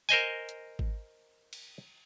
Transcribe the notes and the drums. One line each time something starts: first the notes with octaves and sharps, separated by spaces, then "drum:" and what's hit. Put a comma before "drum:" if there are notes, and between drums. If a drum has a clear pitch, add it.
A#4 C5 D#5 G#5, drum: tambourine
drum: hi-hat
drum: kick G#1
drum: cymbal